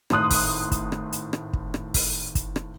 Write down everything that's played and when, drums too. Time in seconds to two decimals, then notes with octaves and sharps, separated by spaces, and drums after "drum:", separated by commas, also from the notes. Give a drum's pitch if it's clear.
0.10 G#1 A2 C6 D#6 F#6, drum: rim click
0.31 drum: kick, open hi-hat
0.72 drum: kick, hi-hat
0.92 drum: rim click
1.12 drum: hi-hat
1.33 drum: rim click
1.53 drum: kick
1.74 drum: rim click
1.94 drum: kick, open hi-hat
2.35 drum: kick, hi-hat
2.56 drum: rim click